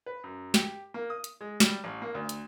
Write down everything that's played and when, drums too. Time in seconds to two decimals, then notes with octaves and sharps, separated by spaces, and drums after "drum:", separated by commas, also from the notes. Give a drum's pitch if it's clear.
0.06 B4
0.24 F#2
0.54 G4, drum: snare
0.94 A#3
1.10 D#6
1.24 drum: hi-hat
1.41 G#3
1.60 G3, drum: snare
1.84 A1
2.02 A#3
2.15 D2
2.29 drum: hi-hat